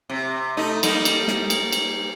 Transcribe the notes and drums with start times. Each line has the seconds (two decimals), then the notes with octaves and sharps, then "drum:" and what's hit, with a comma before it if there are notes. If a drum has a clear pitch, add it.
0.10 C3
0.57 A3 D#4
0.83 G3 A#3 D#4, drum: cymbal
1.05 drum: cymbal
1.28 drum: snare
1.50 drum: cymbal
1.72 drum: cymbal